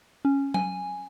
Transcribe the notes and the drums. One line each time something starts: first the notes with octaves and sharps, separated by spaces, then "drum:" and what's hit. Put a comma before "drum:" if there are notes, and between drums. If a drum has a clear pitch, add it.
C#4
G#5, drum: tom F#3